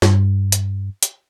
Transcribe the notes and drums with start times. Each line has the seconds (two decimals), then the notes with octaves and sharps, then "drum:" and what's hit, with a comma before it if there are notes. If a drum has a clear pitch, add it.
0.02 G2, drum: snare
0.52 drum: hi-hat
1.03 drum: hi-hat